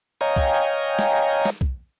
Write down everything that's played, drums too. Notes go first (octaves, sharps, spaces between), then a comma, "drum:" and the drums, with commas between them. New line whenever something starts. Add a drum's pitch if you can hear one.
C#5 D#5 F5 G5 G#5 A#5
drum: kick
drum: snare
drum: snare
drum: kick